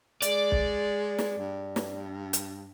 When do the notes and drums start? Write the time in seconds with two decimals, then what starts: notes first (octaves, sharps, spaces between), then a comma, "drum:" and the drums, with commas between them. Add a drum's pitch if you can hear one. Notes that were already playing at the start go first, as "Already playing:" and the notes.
0.22 G#3 D5, drum: hi-hat
0.52 drum: kick
1.18 drum: snare
1.38 G2
1.76 drum: snare
2.33 drum: hi-hat